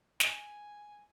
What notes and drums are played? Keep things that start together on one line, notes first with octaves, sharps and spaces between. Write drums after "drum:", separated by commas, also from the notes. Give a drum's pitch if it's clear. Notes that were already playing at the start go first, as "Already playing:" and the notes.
G#5, drum: snare